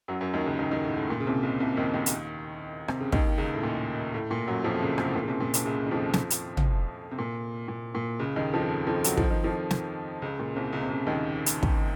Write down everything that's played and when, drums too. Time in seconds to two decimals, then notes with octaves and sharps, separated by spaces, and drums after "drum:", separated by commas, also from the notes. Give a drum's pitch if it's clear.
0.08 F#2 F#3
0.21 F#2 F#3
0.34 D#2 D#3
0.46 C#2 C#3
0.59 D#2 D#3
0.71 D#2 D#3
0.84 A2
0.97 A2
1.10 A#2
1.20 C#3
1.26 C2 C3
1.43 C#2 C#3
1.60 C2 C3
1.77 D#2 D#3
1.93 D#2 D#3
2.06 drum: hi-hat
2.88 C3, drum: rim click
3.00 C#3
3.12 D#2 D#3, drum: kick
3.38 C#2 C#3
3.54 A2
3.63 A#2
4.14 A2
4.31 A#2
4.47 F#2 F#3
4.64 F2 F3
4.81 C#2 C#3
4.98 C2 C3, drum: rim click
5.08 A2
5.16 A#2
5.23 C#3
5.28 C2 C3
5.40 A#2
5.54 C2 C3, drum: hi-hat
5.65 C#2 C#3
5.86 D#3
5.91 F2 F3
6.13 drum: snare
6.30 drum: hi-hat
6.57 drum: tom
7.11 C3
7.18 A#2
7.68 A#2
7.95 A#2
8.19 C#2 C#3
8.36 D#2 D#3
8.54 F2 F3
8.87 F2 F3
9.04 F#3, drum: hi-hat
9.17 F3, drum: kick
9.30 D#3
9.44 F2 F3
9.71 drum: snare
10.22 C#2 C#3
10.39 A#2
10.56 C2 C3
10.73 C#2 C#3
10.81 C3
10.90 C#2 C#3
11.07 D#2 D#3
11.46 drum: hi-hat
11.63 drum: kick